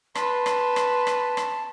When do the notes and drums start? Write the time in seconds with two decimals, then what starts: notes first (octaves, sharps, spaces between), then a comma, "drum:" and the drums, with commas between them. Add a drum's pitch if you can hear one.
0.15 B4 A5 C6, drum: rim click
0.46 drum: rim click
0.76 drum: rim click
1.07 drum: rim click
1.37 drum: rim click